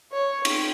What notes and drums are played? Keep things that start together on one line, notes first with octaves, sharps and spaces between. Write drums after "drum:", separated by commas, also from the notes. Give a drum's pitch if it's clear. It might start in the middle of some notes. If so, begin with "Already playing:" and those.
C#5
drum: cymbal